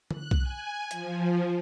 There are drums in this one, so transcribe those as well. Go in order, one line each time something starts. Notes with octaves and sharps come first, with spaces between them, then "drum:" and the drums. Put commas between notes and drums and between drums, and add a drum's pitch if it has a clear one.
F#6, drum: tom D3
drum: kick
G#5
F3, drum: hi-hat